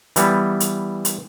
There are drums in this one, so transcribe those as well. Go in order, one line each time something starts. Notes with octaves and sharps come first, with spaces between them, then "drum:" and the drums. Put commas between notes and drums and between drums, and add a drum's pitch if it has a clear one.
E3 G3 B3, drum: hi-hat
drum: hi-hat
drum: hi-hat